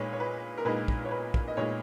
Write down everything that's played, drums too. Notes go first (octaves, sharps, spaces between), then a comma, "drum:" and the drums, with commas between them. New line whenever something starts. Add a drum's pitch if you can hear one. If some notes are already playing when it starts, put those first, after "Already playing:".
Already playing: A#2 G#3 D#4 B4 C#5
C#5
B4
A#4
A#2 G#3 D#4 B4
drum: kick
C#5
B4
drum: kick
D#5
A#2 G#3 D#4 C#5